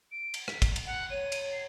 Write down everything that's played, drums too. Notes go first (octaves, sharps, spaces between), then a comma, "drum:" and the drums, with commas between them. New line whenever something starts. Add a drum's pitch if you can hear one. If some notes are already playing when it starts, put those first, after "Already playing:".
D7
drum: cymbal
B6, drum: rim click
drum: kick, cymbal
drum: cymbal
F#5
C#5 D#7
drum: cymbal
C7